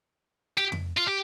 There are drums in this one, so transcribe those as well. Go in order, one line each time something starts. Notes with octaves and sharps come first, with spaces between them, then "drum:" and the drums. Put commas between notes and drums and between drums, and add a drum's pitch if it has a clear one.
G4
drum: tom F2
F4
G4